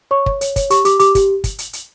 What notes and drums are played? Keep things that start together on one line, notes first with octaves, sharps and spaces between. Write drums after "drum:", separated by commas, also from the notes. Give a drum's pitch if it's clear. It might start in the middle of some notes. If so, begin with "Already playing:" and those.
C#5 C#6
C#5, drum: kick
C#5, drum: hi-hat
C#5, drum: kick, hi-hat
G4 C#6, drum: hi-hat
G4 D6, drum: hi-hat
G4 D6, drum: hi-hat
G4, drum: kick, hi-hat
drum: kick, hi-hat
drum: hi-hat
drum: hi-hat